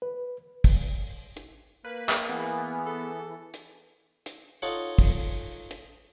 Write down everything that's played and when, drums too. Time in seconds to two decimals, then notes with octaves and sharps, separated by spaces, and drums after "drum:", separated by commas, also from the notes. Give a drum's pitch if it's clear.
0.02 B4
0.64 drum: kick, open hi-hat
1.37 drum: hi-hat
1.84 A#3 B4
2.09 drum: clap
2.29 E3 B3 G#4
2.86 A4
3.54 drum: hi-hat
4.26 drum: hi-hat
4.62 D#4 F4 A4 C#5 F#5
4.98 drum: kick, open hi-hat
5.71 drum: hi-hat